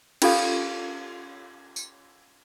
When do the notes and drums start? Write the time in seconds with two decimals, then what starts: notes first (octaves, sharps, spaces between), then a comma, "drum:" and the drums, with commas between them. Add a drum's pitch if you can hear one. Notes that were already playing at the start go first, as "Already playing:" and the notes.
0.22 C#4 F4 G4 A4 F5, drum: cymbal
1.76 drum: tambourine